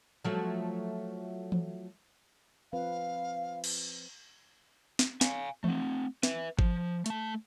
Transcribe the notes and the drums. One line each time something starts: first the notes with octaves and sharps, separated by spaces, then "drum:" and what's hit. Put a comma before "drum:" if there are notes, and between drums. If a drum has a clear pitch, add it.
F3 F#3 A3
drum: tom E3
F3 C4 B4 F5
drum: cymbal
drum: snare
F5 G#5, drum: snare
A3 C4, drum: tom E3
B4 E5, drum: snare
F3, drum: kick G#1
A3 A5, drum: hi-hat